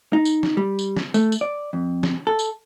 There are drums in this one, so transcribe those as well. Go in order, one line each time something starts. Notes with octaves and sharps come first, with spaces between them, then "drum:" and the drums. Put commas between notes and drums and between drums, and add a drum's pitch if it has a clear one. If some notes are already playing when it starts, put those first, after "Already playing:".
D#4
drum: tambourine
drum: snare
G3
drum: tambourine
drum: snare
A3, drum: tambourine
drum: tambourine
D5
F2
drum: snare
A4
drum: tambourine